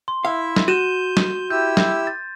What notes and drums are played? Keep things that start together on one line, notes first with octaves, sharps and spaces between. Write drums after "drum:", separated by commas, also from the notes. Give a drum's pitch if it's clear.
C6
E4 E5 F5
drum: snare G3
F#4 G6 D#7 E7
drum: snare G3
E4 G4 E6 G6
drum: snare G3
A6